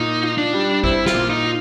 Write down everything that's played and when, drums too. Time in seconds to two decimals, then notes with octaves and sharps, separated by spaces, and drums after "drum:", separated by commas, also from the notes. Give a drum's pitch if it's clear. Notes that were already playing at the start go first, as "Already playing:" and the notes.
Already playing: A#2 D#4
0.23 F4
0.38 D4
0.53 G3
0.84 C4 E4, drum: kick A1
1.06 F4, drum: snare
1.14 A#2
1.29 D#4
1.45 F4